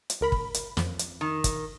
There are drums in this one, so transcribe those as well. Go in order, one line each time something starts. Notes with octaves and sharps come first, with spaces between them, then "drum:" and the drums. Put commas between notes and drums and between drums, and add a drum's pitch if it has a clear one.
drum: hi-hat
C#2 A#4 B5
drum: kick
drum: hi-hat
F2, drum: snare
drum: hi-hat
D#3
drum: kick, hi-hat